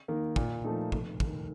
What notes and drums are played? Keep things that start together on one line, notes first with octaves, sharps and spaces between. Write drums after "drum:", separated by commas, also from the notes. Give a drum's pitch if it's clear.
D#3 A#3
A#2, drum: kick
F3 A3 D#4
F1, drum: kick
D#2 D#3, drum: kick